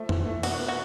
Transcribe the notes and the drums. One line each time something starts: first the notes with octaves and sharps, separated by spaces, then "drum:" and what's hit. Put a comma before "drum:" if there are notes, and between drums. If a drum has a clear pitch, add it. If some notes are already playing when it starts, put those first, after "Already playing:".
Already playing: F3 A3
E3, drum: tom F2
A3
B2 F#4, drum: cymbal
B3
F#4